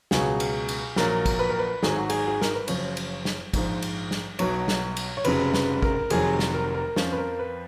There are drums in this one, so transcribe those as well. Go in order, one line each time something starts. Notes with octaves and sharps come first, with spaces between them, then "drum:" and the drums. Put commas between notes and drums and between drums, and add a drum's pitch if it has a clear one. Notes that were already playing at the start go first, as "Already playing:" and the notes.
C#2 B2 F#3 G#4, drum: snare
drum: cymbal
drum: cymbal
A#1 A#2 F#3 A#4, drum: snare
drum: kick, cymbal
B4
A#4
B4
G#1 G#2 D#3 F#3 G#4, drum: snare
F#4
G#4, drum: cymbal
G#4
A#4, drum: snare
B4
F#1 F#2 F3 C#5, drum: cymbal
drum: cymbal
drum: snare
A#1 G#2 F3, drum: kick, cymbal
drum: cymbal
drum: snare
B1 B2 F#3 C#5, drum: cymbal
drum: snare
drum: cymbal
C#5
F1 F2 C#3 F#3 B4, drum: cymbal
B4, drum: snare
A#4, drum: kick
F1 F2 D#3 F#3 G#4, drum: cymbal
drum: snare
A#4
A#4
F2 F3 C#4, drum: snare
B4
A#4
B4